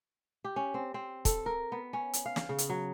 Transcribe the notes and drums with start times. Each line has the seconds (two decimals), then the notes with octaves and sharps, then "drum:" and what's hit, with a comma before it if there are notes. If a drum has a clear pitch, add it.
0.44 G4
0.56 C#4
0.74 C4
0.94 C4
1.25 A4, drum: kick, hi-hat
1.46 A#4
1.72 B3
1.93 C#4
2.13 drum: hi-hat
2.26 F5
2.36 drum: snare
2.49 C#3
2.58 drum: hi-hat
2.70 F#3